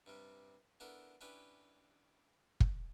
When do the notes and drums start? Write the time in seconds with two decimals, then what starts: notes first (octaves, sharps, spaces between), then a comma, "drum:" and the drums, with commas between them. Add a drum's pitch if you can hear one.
0.06 G2 C3 G3
0.80 B3 D4 E4 A4 A#4
1.21 C#4 D4 E4 G4 B4 B5
2.60 drum: kick